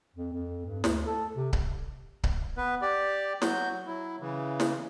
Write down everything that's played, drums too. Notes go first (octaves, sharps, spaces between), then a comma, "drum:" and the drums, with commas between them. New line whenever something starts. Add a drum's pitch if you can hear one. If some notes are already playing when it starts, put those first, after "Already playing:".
F2
F2
G2
D2, drum: snare
A4
C3
drum: kick C#1
drum: kick C#1
B3 B4
G4 D5
F#3 F#4 G6, drum: snare
F#3 E4
C#3 E3
drum: snare